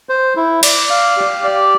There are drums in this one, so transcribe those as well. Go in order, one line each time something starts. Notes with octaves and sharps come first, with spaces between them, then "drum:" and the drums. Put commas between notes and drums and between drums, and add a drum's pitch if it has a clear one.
C5
E4
D5, drum: cymbal
F5
G4
D5